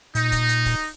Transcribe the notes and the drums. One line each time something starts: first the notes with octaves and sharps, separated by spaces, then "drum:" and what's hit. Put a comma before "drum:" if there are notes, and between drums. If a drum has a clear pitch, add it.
A#2 D#4, drum: hi-hat
drum: kick C#1, hi-hat
drum: hi-hat
drum: kick C#1, open hi-hat